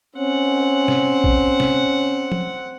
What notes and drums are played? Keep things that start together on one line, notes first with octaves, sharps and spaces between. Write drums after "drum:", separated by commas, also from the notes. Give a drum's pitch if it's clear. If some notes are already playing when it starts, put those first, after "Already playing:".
C4 C#4 F#5
drum: snare
drum: kick
drum: snare
drum: tom